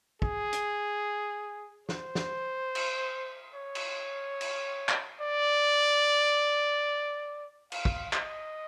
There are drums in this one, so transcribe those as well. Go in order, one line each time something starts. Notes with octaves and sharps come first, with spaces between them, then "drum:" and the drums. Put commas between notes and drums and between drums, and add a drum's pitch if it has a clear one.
G#4, drum: kick
drum: hi-hat
C5, drum: snare
drum: snare
drum: cymbal
C#5
drum: cymbal
drum: cymbal
drum: clap
D5
F5, drum: cymbal
drum: kick
D#5, drum: clap